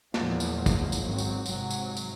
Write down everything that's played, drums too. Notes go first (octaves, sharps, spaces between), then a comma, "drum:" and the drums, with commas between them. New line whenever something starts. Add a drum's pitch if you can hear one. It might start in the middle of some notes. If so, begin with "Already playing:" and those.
E2 A#2 F3 F#3 G#3 A#3, drum: snare
drum: tambourine
drum: kick, tambourine
drum: tambourine
G#1 F#3 C4
drum: tambourine
G#2 C3 F#3, drum: tambourine
drum: tambourine
drum: tambourine